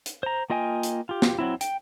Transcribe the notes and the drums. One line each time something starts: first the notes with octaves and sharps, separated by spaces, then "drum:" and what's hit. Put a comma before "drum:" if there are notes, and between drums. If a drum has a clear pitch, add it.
drum: hi-hat
C5 A#5
A#3 F4 D#5 G5 G#5
drum: hi-hat
F4 G4
drum: snare
F#3 C4 E4
G5, drum: hi-hat